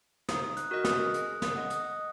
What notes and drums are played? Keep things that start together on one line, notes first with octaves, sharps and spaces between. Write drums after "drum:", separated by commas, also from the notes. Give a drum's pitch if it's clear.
D#4 D#6, drum: snare
F#6, drum: hi-hat
F#4 A#4 D#5
D#6, drum: snare
G#4, drum: hi-hat
D#6, drum: snare
D#5 F#5
D#6, drum: hi-hat